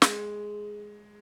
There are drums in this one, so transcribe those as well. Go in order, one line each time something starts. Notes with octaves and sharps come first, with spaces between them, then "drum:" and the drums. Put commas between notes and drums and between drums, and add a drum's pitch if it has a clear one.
G#3, drum: snare